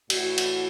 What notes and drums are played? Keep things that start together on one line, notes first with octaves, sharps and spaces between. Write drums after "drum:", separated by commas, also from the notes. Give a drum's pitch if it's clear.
A2 E3 F#4, drum: cymbal
drum: cymbal